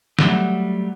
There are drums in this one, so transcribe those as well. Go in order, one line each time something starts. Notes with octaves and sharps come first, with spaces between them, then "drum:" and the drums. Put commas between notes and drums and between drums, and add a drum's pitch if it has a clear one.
F#3 G3 A3, drum: snare